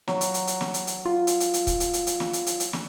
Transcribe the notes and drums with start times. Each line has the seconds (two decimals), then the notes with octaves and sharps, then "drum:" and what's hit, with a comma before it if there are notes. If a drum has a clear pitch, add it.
0.08 F#3, drum: snare
0.21 drum: hi-hat
0.34 drum: hi-hat
0.47 drum: hi-hat
0.61 drum: snare
0.74 drum: hi-hat
0.87 drum: hi-hat
1.06 F4
1.27 drum: hi-hat
1.40 drum: hi-hat
1.54 drum: hi-hat
1.67 drum: kick, hi-hat
1.80 drum: hi-hat
1.93 drum: hi-hat
2.07 drum: hi-hat
2.20 drum: snare
2.33 drum: hi-hat
2.47 drum: hi-hat
2.60 drum: hi-hat
2.73 drum: snare